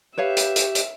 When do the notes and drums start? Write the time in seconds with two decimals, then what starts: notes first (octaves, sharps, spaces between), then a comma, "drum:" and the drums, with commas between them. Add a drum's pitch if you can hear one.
0.18 G4 B4 C#5 E5 F5
0.37 drum: hi-hat
0.56 drum: hi-hat
0.75 drum: hi-hat